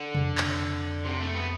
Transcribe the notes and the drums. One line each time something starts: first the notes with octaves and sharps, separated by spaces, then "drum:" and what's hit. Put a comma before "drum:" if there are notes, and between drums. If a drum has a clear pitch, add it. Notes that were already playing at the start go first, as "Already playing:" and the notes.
Already playing: D3
F2, drum: tom C3
drum: clap
C3
A3
B3